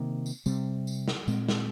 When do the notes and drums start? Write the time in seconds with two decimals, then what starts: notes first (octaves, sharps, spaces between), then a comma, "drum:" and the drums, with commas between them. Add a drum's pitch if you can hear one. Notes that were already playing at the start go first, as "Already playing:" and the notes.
Already playing: C3 D#3 A#3
0.26 drum: tambourine
0.46 C3 G3 C4, drum: tambourine
0.87 drum: tambourine
1.08 drum: snare
1.28 A#2 G#3 C4, drum: tambourine
1.49 drum: snare